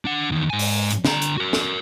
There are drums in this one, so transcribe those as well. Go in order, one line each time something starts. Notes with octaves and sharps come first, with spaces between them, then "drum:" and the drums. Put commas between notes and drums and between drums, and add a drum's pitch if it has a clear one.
D4 F#5
E2 D#3
G#2 G#5
drum: open hi-hat
drum: hi-hat
D3 A#5, drum: snare
drum: hi-hat
F#4 A#4
drum: snare